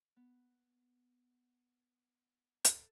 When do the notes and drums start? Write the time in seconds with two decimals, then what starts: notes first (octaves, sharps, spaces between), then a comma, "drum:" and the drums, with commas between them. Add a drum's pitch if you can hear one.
0.16 B3
2.65 A4, drum: hi-hat